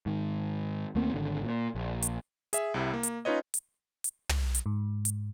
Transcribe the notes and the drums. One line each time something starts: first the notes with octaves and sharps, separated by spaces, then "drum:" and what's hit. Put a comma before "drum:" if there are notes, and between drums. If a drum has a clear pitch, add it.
G#2 D#3
D#2 A3 A#3 C4
G#1 D3
A#2
A#1
drum: hi-hat
G#4 E5, drum: hi-hat
C2 C3 E4
A#3
drum: hi-hat
C#4 D#4 F4 B4 C#5 D#5
drum: hi-hat
drum: hi-hat
drum: tom
drum: hi-hat
G#2
drum: hi-hat